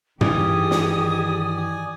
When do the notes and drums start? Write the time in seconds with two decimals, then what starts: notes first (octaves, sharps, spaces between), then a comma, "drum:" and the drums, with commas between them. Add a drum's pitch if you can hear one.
0.21 G2 D#3 E3 G4 G#4 D5 G#5 D#6, drum: tom
0.71 drum: snare